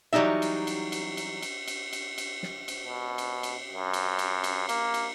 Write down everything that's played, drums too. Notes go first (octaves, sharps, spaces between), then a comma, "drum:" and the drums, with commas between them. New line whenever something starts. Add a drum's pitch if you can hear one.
E3 F#3 G3 D4 D#4 E5
drum: cymbal
drum: cymbal
drum: cymbal
drum: cymbal
drum: cymbal
drum: cymbal
drum: cymbal
drum: cymbal
drum: snare
drum: cymbal
B2
drum: cymbal
drum: cymbal
F#2
drum: cymbal
drum: cymbal
drum: cymbal
A#3, drum: cymbal
drum: cymbal